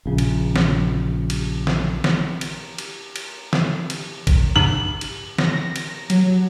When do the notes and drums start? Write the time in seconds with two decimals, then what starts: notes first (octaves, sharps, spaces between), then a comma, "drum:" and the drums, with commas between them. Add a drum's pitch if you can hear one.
0.06 A#1 C#3
0.18 drum: cymbal
0.56 drum: snare
1.30 drum: cymbal
1.67 drum: snare
2.04 drum: snare
2.41 drum: cymbal
2.78 drum: cymbal
3.16 drum: cymbal
3.53 drum: snare
3.90 drum: cymbal
4.27 drum: kick, cymbal
4.56 F#7
5.01 drum: cymbal
5.38 A#6, drum: snare
5.76 drum: cymbal
6.10 F#3, drum: cymbal